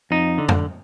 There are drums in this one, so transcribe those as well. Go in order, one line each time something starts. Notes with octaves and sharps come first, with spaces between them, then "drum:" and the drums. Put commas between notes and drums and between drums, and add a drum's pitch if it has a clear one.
F2 D#4
D3
drum: tom